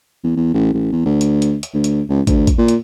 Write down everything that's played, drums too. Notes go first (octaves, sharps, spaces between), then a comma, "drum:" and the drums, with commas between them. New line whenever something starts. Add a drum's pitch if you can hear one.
E2
E2
A1
A1
E2
D2
drum: hi-hat
drum: hi-hat
drum: hi-hat
D2
drum: hi-hat
C#2
D2, drum: kick, hi-hat
drum: kick, hi-hat
A#2
drum: hi-hat